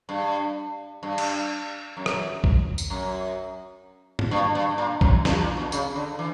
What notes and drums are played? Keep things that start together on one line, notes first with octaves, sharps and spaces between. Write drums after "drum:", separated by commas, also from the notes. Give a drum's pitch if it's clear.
G2
G2
drum: cymbal
F#2
drum: rim click
drum: kick A#1
drum: tambourine
F#2
drum: tom
G2
G2
A#2
F#2, drum: kick A#1
G2, drum: snare
A#2
B2
C#3, drum: tambourine
D3
E3